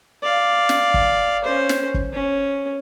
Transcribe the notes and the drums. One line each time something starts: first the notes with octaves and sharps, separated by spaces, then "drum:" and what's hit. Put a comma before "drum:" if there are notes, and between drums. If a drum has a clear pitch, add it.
D5 F5
drum: snare
drum: kick
C#4 C5
drum: snare
drum: kick
C#4